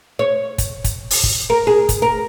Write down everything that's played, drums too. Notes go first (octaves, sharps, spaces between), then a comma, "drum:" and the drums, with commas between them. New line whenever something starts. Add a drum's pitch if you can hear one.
C#5
drum: kick, hi-hat
drum: kick, hi-hat
drum: open hi-hat
drum: kick
A#4
G#4
drum: kick, hi-hat
A#4